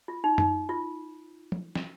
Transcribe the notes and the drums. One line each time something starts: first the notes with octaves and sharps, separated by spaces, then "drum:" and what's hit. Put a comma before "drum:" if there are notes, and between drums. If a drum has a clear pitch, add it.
F4
D#4
D#4, drum: tom F#2
F4
drum: tom
drum: snare